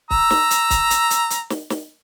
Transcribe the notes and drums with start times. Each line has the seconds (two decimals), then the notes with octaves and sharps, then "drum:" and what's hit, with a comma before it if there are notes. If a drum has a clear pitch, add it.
0.11 A#5 E6, drum: kick
0.31 drum: snare
0.51 drum: hi-hat
0.70 drum: kick, hi-hat
0.90 drum: hi-hat
1.10 drum: hi-hat
1.30 drum: hi-hat
1.50 drum: snare
1.70 drum: snare